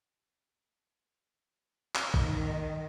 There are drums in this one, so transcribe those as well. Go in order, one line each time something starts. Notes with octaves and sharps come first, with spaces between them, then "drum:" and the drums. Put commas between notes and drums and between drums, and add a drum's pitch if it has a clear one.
drum: clap
D#3, drum: kick